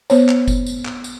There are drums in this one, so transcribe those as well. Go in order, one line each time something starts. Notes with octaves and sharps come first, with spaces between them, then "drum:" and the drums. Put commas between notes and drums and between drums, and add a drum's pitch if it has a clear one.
B3 C5 C#5, drum: tambourine
drum: clap
drum: kick F#1, tambourine
drum: tambourine
drum: clap
drum: tambourine